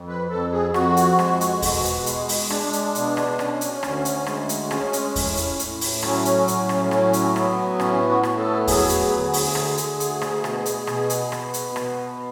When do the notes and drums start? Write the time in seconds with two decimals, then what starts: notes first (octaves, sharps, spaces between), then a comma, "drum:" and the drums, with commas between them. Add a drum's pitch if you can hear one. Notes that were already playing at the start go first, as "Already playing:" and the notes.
Already playing: F2
0.08 B4
0.30 F2 A4
0.52 G#4
0.74 F2 F#4, drum: rim click
0.97 drum: hi-hat
1.19 G#3, drum: rim click
1.41 drum: hi-hat
1.62 B2, drum: kick E2, open hi-hat
1.85 drum: hi-hat
2.06 G#3, drum: hi-hat
2.29 drum: open hi-hat
2.50 G#3 D4, drum: rim click
2.73 drum: hi-hat
2.95 B2, drum: hi-hat
3.17 drum: rim click
3.39 C#4, drum: rim click
3.61 drum: hi-hat
3.83 D2, drum: rim click
4.05 drum: hi-hat
4.26 G#3, drum: rim click
4.49 drum: hi-hat
4.71 C#4, drum: rim click
4.93 drum: hi-hat
5.16 A2, drum: kick E2, open hi-hat
5.37 drum: hi-hat
5.59 A2, drum: hi-hat
5.81 drum: open hi-hat
6.03 F#3 C#4, drum: rim click
6.25 drum: hi-hat
6.48 A2, drum: hi-hat
6.69 drum: rim click
6.91 F#3, drum: rim click
7.13 drum: hi-hat
7.36 B3, drum: rim click
7.80 A2 C#4, drum: rim click
8.09 F#4
8.23 B3, drum: rim click
8.38 A4
8.67 F#3 G#4, drum: kick E2, open hi-hat
8.89 drum: hi-hat
9.11 D2
9.33 drum: open hi-hat
9.55 D3, drum: rim click
9.77 drum: hi-hat
10.00 D2, drum: hi-hat
10.22 drum: rim click
10.44 B2, drum: rim click
10.66 drum: hi-hat
10.87 B2, drum: rim click
11.10 drum: hi-hat
11.32 B3, drum: rim click
11.54 drum: hi-hat
11.76 B2, drum: rim click